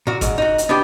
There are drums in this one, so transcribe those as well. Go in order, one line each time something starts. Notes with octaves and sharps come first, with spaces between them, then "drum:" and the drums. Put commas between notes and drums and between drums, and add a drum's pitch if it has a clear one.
A#2 F#4
G#2, drum: kick, hi-hat
D#4 F#4
drum: hi-hat
B3 D4 G4 G5